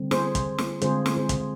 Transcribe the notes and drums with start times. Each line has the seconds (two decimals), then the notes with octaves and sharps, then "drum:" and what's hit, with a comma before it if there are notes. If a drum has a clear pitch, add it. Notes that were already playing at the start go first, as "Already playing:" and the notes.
Already playing: D3 G3 C4
0.11 G#4 C5, drum: snare
0.35 drum: kick, hi-hat
0.58 drum: snare
0.81 D3 G#3 C4 F4 G#4 C5, drum: hi-hat
1.06 drum: snare
1.17 G#4 C5
1.29 drum: kick, hi-hat